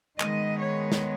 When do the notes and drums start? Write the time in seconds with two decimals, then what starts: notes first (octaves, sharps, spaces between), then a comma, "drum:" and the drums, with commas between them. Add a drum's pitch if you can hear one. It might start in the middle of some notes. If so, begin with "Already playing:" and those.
0.20 D#3 G#3 B3 D#5, drum: clap
0.60 C#5
0.92 drum: snare